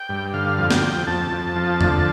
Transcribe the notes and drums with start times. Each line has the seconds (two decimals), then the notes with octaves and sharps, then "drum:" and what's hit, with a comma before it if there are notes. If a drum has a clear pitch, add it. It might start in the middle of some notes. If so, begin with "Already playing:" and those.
Already playing: G5
0.09 G2
0.33 D3 F5
0.58 F2
0.71 G5, drum: snare
0.82 F2
1.07 F2 A5
1.32 F2
1.56 F3
1.81 D3, drum: tom E2